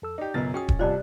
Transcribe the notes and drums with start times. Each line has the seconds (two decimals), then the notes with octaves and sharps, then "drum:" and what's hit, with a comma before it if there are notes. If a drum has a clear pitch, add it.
0.02 F2 A4 E6
0.18 D#4 G4 D5 D#5
0.34 B1 F#2 C#3 B3 F4 D#5 A6
0.54 C#4 F#4 G#4 G5 D#6
0.69 drum: kick D#1
0.79 C2 C3 F4 C5 D5 D#5 A5 F#6